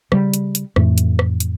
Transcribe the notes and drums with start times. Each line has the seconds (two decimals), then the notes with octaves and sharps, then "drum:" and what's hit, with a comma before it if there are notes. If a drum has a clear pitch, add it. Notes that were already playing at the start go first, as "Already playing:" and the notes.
0.12 C#3 G3, drum: rim click
0.34 drum: hi-hat
0.55 drum: hi-hat
0.76 F2 A2 E3 A3, drum: rim click
0.98 drum: hi-hat
1.19 drum: rim click
1.40 drum: hi-hat